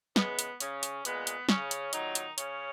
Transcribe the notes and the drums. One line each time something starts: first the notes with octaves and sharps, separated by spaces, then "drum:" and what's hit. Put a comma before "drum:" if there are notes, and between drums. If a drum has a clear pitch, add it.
C#3 E3 G#3 B3, drum: snare
drum: hi-hat
C#3 C#4, drum: hi-hat
drum: hi-hat
A#2 G#3 B3, drum: hi-hat
drum: hi-hat
C#3 C#4, drum: snare
drum: hi-hat
A#2 D#3 F#3 D#4, drum: hi-hat
drum: hi-hat
C#3 C#4, drum: hi-hat